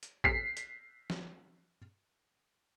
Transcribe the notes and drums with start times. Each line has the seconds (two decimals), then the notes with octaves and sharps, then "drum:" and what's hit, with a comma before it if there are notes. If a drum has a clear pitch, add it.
0.03 drum: hi-hat
0.24 B6 C7, drum: kick
0.57 drum: hi-hat
1.10 drum: snare